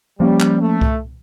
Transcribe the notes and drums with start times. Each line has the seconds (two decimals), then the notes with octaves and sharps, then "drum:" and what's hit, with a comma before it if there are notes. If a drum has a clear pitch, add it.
0.19 F3 G3 A#3 C#4
0.40 drum: clap
0.61 A3
0.81 drum: kick C2